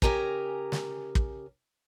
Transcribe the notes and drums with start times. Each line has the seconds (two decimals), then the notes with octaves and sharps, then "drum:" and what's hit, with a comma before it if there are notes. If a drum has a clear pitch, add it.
0.02 C#3 G4 A#4 G#5 A#5, drum: kick
0.72 drum: snare
1.15 drum: kick